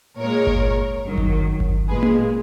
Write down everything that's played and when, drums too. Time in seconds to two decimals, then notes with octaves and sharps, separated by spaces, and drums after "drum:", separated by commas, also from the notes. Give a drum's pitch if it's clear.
0.18 A#2 G#3 A#4 C#5
0.47 drum: kick G1
1.04 F#2 D#3 F#3
1.18 drum: kick G1
1.60 drum: kick G1
1.88 A#2 G#3 G#4 B4
2.03 drum: tom A#3